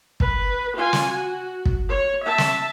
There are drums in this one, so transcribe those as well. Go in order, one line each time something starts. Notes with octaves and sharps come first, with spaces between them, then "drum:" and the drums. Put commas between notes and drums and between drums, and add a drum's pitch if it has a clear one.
B4, drum: kick
F4 G#5
drum: snare
F#4
drum: kick
C#5
E5 A5
drum: snare